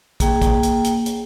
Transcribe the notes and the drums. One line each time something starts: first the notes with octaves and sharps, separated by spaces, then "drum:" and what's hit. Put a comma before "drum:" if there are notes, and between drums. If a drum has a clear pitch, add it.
A#3 G#4 G5, drum: kick, hi-hat
drum: kick, hi-hat
drum: hi-hat
drum: hi-hat
drum: hi-hat